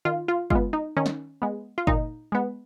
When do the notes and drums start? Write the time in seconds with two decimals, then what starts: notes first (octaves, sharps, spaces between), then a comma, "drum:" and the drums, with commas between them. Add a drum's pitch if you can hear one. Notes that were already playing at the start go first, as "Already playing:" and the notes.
0.05 D#3 F4
0.28 F4
0.50 G#3 B3 F4, drum: kick G1
0.73 D#4
0.97 D#3 C#4
1.06 drum: snare
1.42 G#3 B3
1.78 F4
1.87 A#2 D#4, drum: kick G1
2.32 G#3 B3